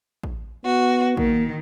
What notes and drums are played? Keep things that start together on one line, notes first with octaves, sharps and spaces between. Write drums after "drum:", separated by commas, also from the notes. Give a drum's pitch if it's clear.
drum: kick A1
B3 F#4
D#3 A#3, drum: kick A1